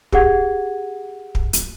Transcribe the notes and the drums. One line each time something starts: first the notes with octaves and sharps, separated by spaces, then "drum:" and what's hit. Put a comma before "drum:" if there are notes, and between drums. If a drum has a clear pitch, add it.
G4 G#4 F#5 G#6, drum: kick
drum: kick
drum: hi-hat